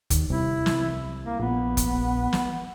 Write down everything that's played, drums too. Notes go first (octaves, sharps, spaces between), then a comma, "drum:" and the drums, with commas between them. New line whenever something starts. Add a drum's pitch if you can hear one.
D#2, drum: kick F1, hi-hat
C2 E4
drum: snare
A#3
A#1 B3
drum: kick F1, hi-hat
drum: snare